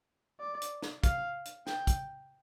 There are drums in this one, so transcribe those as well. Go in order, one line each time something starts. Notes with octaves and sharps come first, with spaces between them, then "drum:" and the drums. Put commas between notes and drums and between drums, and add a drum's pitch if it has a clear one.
D5
drum: hi-hat
drum: snare
F5, drum: kick, hi-hat
drum: hi-hat
G5, drum: snare
drum: kick, hi-hat